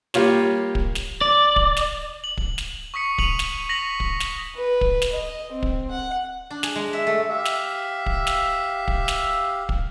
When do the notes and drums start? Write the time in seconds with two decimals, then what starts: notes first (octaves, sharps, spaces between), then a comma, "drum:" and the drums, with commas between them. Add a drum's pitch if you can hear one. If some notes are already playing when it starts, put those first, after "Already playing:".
0.14 G3 A#3 F4 G4 C#5, drum: snare
0.75 drum: kick
0.95 drum: snare
1.21 D5
1.56 drum: kick
1.77 drum: snare
2.24 F#7
2.37 drum: kick
2.58 drum: snare
2.94 C#6 D#6 B6 C#7
3.18 D#7 F7 F#7, drum: kick
3.39 drum: snare
3.69 A#6 B6 F7 F#7
4.00 drum: kick
4.20 drum: snare
4.55 B4
4.81 drum: kick
5.02 drum: snare
5.13 D#5
5.52 C4
5.63 drum: kick
5.91 F#5
6.50 D4
6.63 G#4, drum: snare
6.76 G#3
6.93 E5
7.07 A3
7.30 G4 E5 F5
7.45 drum: snare
8.06 drum: kick
8.27 drum: snare
8.88 drum: kick
9.08 drum: snare
9.69 drum: kick